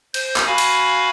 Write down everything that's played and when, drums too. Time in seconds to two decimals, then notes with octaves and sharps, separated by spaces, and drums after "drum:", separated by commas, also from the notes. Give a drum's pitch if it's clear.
0.14 C5 G6, drum: cymbal
0.36 drum: clap
0.46 F#4 F5 G#5 B5
0.58 drum: cymbal